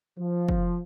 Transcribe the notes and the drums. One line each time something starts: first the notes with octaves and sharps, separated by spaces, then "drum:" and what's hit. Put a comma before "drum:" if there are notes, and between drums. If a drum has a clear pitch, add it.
F3
drum: kick